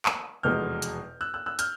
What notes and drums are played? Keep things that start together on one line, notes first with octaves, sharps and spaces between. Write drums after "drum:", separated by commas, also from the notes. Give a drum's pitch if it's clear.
drum: clap
F1 E2 B2 G#3 B3 F6 G6
drum: hi-hat
E6 F#6
E6 F#6
E6 F#6
F6 G6, drum: hi-hat